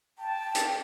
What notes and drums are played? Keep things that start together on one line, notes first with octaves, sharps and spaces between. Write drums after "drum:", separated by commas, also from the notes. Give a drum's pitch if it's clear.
G5 A5
drum: hi-hat